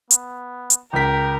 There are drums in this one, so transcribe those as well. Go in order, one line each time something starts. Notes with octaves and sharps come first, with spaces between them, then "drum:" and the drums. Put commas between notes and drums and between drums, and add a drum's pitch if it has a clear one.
B3, drum: hi-hat
drum: hi-hat
C#2 A#4 G5 B6